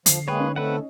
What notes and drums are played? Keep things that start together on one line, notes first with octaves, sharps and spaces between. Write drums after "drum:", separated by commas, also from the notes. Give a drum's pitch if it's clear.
D3 F3 C7, drum: hi-hat
G#3 A#3 G#4 B4 C#5 G5
C#4 D#4
A3 C4 A4 B4 F#5